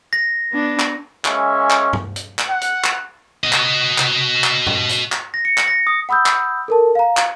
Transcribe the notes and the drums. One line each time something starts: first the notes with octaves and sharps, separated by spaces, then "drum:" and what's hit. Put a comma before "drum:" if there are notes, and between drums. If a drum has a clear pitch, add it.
A#6
B3 D4
drum: clap
G#3 A#3 C#4 E5, drum: clap
drum: clap
drum: tom G2
drum: hi-hat
drum: clap
F#5
drum: hi-hat
drum: clap
F#4 D#5
drum: clap
drum: clap
drum: clap
drum: tom G2
drum: hi-hat
drum: clap
A#6
C#7
drum: clap
A#6
D#6
F#5 B5 D#6 E6 G6
drum: clap
A4 A#4 A5
F5 A#5
drum: clap